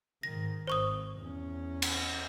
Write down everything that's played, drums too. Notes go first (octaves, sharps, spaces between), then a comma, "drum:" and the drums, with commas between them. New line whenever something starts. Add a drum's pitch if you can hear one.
G#2 D#3 A#6
G#1 C5 C#6 D#6
E2 C#4
drum: cymbal